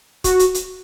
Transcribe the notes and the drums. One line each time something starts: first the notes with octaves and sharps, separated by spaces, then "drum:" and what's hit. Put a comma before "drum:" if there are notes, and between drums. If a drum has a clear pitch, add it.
F#4, drum: kick, hi-hat
drum: hi-hat
drum: hi-hat